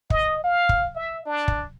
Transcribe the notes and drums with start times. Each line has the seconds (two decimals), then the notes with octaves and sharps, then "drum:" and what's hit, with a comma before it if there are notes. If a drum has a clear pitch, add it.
0.10 D#5, drum: kick
0.44 F5
0.69 drum: kick
0.95 E5
1.26 D4
1.48 drum: kick